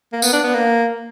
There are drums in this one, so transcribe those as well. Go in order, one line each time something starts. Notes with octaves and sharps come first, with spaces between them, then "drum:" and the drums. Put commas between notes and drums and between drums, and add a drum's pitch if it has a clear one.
A#3
B3, drum: tambourine
D4
B3
A#3